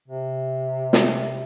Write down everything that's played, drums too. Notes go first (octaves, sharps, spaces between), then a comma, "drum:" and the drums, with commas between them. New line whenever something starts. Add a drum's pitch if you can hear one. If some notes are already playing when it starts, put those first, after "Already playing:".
C3
drum: snare